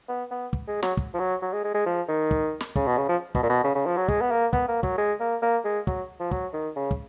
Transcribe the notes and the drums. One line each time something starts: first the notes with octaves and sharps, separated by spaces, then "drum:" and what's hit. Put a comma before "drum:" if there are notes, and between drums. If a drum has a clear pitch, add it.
B3
B3
drum: kick
G#3
F#3, drum: snare
drum: kick
F3
F#3
F#3
G#3
G#3
G#3
F3
D#3
drum: kick
drum: snare
C#3, drum: kick
B2
C#3
F3
B2, drum: kick
A#2
B2
C#3
C#3
F3
F#3
G#3, drum: kick
B3
A#3
B3, drum: kick
A#3
F#3, drum: kick
G#3
A#3
A#3
G#3
F#3, drum: kick
F3
F#3, drum: kick
D#3
C#3
drum: kick